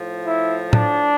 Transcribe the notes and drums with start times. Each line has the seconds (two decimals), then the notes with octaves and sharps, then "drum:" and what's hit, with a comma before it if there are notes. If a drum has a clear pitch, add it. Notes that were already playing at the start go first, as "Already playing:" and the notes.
Already playing: A2 F3
0.26 E4
0.73 D4, drum: tom A2